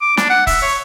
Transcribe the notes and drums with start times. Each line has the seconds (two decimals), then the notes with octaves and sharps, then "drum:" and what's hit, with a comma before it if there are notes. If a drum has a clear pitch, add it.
0.01 D6
0.17 D4, drum: snare
0.30 F#5
0.47 E5, drum: kick E1, open hi-hat
0.62 C#5